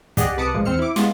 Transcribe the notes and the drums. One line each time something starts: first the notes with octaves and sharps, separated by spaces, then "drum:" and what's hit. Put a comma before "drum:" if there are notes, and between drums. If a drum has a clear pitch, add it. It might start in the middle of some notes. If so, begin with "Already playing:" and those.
G4 G#4 D5 D#5 F#5, drum: kick, hi-hat
C2 B4 A5 D6 D#6 C#7
A1 A#2 F3 G#3
E2 C4 C5 F6 C#7
E4 D6
G#3 B3 F4, drum: snare